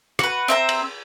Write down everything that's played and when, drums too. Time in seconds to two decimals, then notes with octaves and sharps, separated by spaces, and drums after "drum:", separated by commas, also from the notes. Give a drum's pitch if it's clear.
0.19 F#4 B4, drum: rim click
0.48 C4 E5 A#5
0.69 drum: cymbal